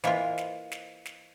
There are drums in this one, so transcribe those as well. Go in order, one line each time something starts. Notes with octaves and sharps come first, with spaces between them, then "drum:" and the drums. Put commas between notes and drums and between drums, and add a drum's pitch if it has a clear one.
E3 A#3 F4 C5 D#5 F5, drum: snare
drum: snare
drum: snare
drum: snare